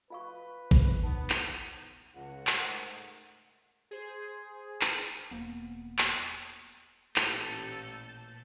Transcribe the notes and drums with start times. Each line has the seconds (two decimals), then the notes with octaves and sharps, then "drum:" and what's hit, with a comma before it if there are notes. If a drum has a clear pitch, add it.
0.10 F4 B4 F5 C#6
0.71 drum: kick G#1
1.03 B3 D#4
1.30 drum: clap
2.15 C#2 F#5
2.47 G#2 A3 A#4, drum: clap
3.91 G#4 C5
4.81 drum: clap
5.31 E1 A#3 B3
5.98 drum: clap
7.16 A1 A#2 A4 A5 G6 A6, drum: clap